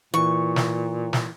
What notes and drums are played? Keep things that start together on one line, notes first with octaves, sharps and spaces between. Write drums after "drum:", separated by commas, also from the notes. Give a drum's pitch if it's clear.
A#2 E3 C#6
drum: snare
drum: snare